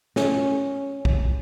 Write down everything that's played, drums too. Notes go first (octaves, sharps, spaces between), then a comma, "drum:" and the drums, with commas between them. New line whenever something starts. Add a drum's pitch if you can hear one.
C#4, drum: snare
drum: kick